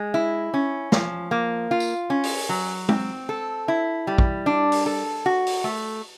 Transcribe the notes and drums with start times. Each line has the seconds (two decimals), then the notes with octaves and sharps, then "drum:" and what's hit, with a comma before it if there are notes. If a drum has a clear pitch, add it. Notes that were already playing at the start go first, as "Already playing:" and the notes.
Already playing: G#3
0.14 E4
0.54 C#4
0.92 F3, drum: snare
1.31 A#3
1.71 F4
1.80 drum: tambourine
2.10 C#4
2.23 drum: open hi-hat
2.49 F#3
2.89 C4, drum: tom
3.29 A4
3.68 E4
4.07 G3
4.18 drum: kick
4.46 D4
4.72 drum: open hi-hat
4.86 A4
5.26 F#4
5.46 drum: open hi-hat
5.64 A3